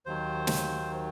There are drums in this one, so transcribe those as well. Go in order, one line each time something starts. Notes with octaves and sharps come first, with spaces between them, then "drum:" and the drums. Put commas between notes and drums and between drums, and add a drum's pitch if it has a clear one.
D#2 D#3 F#3 C5
drum: snare